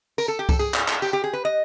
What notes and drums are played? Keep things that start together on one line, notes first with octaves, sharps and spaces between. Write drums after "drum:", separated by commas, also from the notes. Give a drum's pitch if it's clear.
A#4, drum: tambourine
A4
G4
A4, drum: kick C2, tambourine
G#4, drum: tambourine
drum: clap
drum: clap
G4, drum: tambourine
G4
G#4
B4
D#5